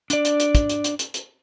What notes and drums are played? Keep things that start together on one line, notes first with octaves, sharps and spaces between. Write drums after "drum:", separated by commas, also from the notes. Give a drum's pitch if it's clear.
D4 D5, drum: hi-hat
drum: hi-hat
drum: hi-hat
drum: kick, hi-hat
drum: hi-hat
drum: hi-hat
drum: hi-hat
drum: hi-hat